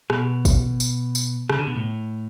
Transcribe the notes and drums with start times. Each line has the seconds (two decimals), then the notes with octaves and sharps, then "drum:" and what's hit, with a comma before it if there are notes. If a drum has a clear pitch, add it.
0.10 B2, drum: rim click
0.45 drum: kick, tambourine
0.80 drum: tambourine
1.15 drum: tambourine
1.49 C#3, drum: rim click
1.59 D3
1.67 B2
1.76 A2